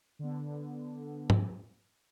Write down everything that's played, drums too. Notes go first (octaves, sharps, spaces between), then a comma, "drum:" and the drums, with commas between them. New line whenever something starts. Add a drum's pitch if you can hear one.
D3 B3
drum: tom